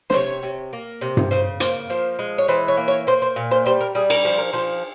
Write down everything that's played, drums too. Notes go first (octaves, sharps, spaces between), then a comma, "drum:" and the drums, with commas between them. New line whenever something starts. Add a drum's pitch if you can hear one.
C5, drum: snare
C3 C#5
C3
A#3
C3
drum: tom G2
C#3 C5
A#3 C5, drum: hi-hat
F3 C5
G#3
C#5
E3 C5
C#5
A#3
C#5
A#3 C5
C5
A#2
C5
G3 C5
A#4
G3 G#4
A#4, drum: cymbal
F3 C5
A#4
F3 C5